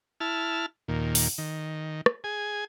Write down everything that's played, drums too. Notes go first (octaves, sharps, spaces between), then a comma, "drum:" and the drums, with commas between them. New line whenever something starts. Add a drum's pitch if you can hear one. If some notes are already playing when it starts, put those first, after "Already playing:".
E4 A5 F6
D#2 A#2
drum: open hi-hat
D#3
drum: rim click
G#4 G#5